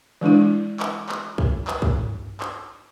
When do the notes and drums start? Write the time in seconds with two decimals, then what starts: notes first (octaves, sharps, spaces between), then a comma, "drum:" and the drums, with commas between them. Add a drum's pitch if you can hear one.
0.21 E3 G#3 D4 E4
0.80 drum: clap
1.09 drum: clap
1.38 drum: kick
1.67 drum: clap
1.82 drum: kick
1.97 drum: tom G2
2.40 drum: clap